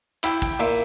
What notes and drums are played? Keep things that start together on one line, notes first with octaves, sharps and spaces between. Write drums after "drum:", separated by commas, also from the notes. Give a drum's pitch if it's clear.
E4 G5, drum: clap
G5, drum: kick, cymbal
A#2 E5, drum: cymbal